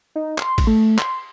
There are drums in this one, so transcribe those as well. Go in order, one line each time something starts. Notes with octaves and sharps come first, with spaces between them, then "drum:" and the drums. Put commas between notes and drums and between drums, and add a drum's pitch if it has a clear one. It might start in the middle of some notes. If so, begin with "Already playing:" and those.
D#4
C6, drum: clap
drum: kick, cymbal
A3
C6, drum: clap